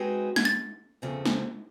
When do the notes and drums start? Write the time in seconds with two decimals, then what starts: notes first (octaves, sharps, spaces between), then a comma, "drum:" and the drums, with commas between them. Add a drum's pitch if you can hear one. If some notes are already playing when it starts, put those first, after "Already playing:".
Already playing: G#3 C4 D#4 F#4 B4
0.36 G#6, drum: snare
0.45 A6
1.02 E2 C#3 F3 A3 C4
1.25 drum: snare